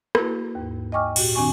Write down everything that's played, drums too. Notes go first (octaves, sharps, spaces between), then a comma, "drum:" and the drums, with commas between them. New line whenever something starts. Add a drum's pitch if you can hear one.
A#3 E4 F#4 B4, drum: rim click
D#2 G#2
D#5 G5 G#5 C#6 D6 F6
A#2 F#4 G4, drum: cymbal
F2 D#3 C4 D4 G#5 C#6